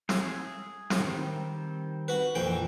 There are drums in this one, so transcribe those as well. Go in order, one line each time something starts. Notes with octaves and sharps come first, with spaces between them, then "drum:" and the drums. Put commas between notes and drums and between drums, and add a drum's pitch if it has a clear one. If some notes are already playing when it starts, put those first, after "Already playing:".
G#4 E6, drum: snare
drum: snare
D#3 G3 C4
F#4 B4
A#1 F2 E3 G5